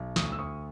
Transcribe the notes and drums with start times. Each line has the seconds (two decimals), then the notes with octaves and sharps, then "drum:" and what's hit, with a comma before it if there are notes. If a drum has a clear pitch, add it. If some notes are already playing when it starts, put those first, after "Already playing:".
Already playing: B1
0.16 D2 C#6 D#6, drum: snare
0.32 E6
0.39 D2 C#6 D#6